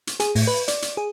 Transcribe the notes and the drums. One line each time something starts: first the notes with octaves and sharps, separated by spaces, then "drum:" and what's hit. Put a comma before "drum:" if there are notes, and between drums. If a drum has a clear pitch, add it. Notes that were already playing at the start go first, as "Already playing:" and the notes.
drum: hi-hat
G#4, drum: hi-hat
A2, drum: open hi-hat
B4
D5, drum: hi-hat
drum: hi-hat
G#4